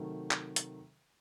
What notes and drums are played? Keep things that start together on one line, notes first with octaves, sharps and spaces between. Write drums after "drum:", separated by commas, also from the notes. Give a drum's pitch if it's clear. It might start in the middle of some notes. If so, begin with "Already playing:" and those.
Already playing: C3 D#3 F#3 A3
drum: clap
drum: hi-hat